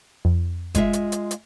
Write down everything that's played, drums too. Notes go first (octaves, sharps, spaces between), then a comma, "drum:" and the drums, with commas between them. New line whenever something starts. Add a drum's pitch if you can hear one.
F2
G#3 F4 E5, drum: kick F#1, hi-hat
drum: hi-hat
drum: hi-hat
drum: hi-hat